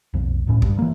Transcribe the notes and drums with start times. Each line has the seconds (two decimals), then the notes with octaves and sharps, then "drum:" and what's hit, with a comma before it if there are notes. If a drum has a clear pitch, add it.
0.14 B1 F2
0.47 D1 G#1 A2 C#4
0.62 G2 G3, drum: kick
0.79 E3 A#3